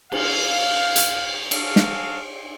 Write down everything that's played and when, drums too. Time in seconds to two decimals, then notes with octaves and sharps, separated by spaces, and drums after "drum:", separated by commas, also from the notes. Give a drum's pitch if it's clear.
0.12 F5, drum: cymbal
0.96 drum: hi-hat
1.51 F#4 G#4 A4 F5, drum: cymbal
1.76 drum: snare